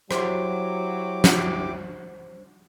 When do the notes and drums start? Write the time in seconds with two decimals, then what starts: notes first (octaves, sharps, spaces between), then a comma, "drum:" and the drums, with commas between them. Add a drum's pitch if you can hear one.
0.11 F#3 E4 G4 C5 D6, drum: rim click
1.24 drum: snare